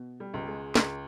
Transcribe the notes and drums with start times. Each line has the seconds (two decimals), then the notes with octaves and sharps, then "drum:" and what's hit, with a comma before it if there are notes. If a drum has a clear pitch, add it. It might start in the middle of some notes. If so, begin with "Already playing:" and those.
Already playing: B2
0.20 G3
0.34 C#2
0.48 G#3
0.75 C#2, drum: snare